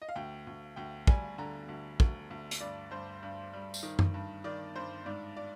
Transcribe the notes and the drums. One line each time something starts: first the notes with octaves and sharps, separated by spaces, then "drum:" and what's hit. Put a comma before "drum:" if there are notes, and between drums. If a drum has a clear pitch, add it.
D#5
F5
D2 G5
D2
D2 G5
G3 G#5, drum: kick
D3 A#5
D2
D2, drum: kick
D2
drum: hi-hat
G2 D5
G2 C5
G2
G3
drum: tambourine
D#3
drum: tom F#2
G2
D#3 D5
G2 C5
G#2 D5
D5